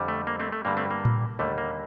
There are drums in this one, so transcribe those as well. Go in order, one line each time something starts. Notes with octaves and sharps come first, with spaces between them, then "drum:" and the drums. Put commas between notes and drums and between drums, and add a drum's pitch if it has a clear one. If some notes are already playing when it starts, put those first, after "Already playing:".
Already playing: F2 D3 G3
A3
A#3
A3 C4
A3
G2 D3 G3 A#3
A3 C4
A#3
drum: tom A2
D#2 D3 G3 A3
A#3